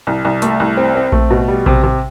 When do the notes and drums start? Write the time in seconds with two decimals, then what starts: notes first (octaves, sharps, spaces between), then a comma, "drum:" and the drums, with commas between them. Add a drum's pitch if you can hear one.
0.07 C2
0.25 C2
0.42 A3, drum: hi-hat
0.60 C2
0.77 C4
0.95 C4
1.12 A3, drum: kick A#1
1.31 B2
1.48 G3
1.66 C3, drum: kick A#1
1.83 C3